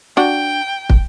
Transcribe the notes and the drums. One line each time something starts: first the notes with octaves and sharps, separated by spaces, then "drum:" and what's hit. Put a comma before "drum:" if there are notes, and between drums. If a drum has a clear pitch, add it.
D4 F#4 G5
drum: kick